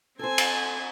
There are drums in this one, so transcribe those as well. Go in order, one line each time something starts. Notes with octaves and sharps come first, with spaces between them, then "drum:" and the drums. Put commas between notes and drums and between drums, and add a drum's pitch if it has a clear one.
C4 A4 C5 G#5
drum: cymbal